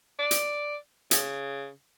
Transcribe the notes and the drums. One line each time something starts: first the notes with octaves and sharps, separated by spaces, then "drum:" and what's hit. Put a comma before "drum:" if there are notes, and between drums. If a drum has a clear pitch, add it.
D5
drum: hi-hat
C#3, drum: hi-hat